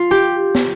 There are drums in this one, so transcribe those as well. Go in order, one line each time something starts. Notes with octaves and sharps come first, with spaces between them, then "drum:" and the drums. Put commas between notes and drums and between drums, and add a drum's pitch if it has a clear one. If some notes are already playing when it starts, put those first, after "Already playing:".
Already playing: F4
G4
drum: snare